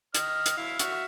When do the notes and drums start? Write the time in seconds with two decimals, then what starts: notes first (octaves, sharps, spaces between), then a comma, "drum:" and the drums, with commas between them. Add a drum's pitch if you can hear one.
0.15 D#5 F6, drum: hi-hat
0.46 drum: hi-hat
0.57 E4 F5
0.79 F#4 E5 F6, drum: hi-hat